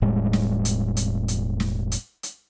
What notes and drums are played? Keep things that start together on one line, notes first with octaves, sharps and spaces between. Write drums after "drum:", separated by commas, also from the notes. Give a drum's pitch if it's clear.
E1 A2 G3 G#3
drum: snare
drum: hi-hat
drum: hi-hat
drum: hi-hat
drum: snare
drum: hi-hat
drum: hi-hat